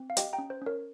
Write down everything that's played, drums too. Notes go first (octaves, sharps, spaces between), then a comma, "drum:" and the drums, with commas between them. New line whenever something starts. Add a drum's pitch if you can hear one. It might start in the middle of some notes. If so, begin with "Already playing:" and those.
Already playing: C4
F5
G4 D#5 G5, drum: hi-hat
G5 A#5
C#4
C5
C#4 A#4 C#5